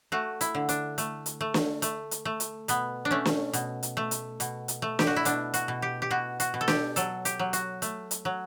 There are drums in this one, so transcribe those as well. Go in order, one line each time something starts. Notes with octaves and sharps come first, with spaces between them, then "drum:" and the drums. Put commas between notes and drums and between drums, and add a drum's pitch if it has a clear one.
A3 F#4
E4, drum: hi-hat
D3
D4, drum: hi-hat
A3, drum: hi-hat
drum: hi-hat
A3
drum: snare
A3, drum: hi-hat
drum: hi-hat
A3
drum: hi-hat
B2 B3, drum: hi-hat
D4
A3 C#4
drum: snare
B2, drum: hi-hat
drum: hi-hat
A3
drum: hi-hat
B2, drum: hi-hat
drum: hi-hat
A3
G4, drum: snare
F#4
E4
B2 D4, drum: hi-hat
F#4, drum: hi-hat
B2
G4
G4
B2 F#4
F#4, drum: hi-hat
B2
A4
G4, drum: snare
F#3 A4, drum: hi-hat
G4, drum: hi-hat
F#3
F#4, drum: hi-hat
A3, drum: hi-hat
drum: hi-hat
F#3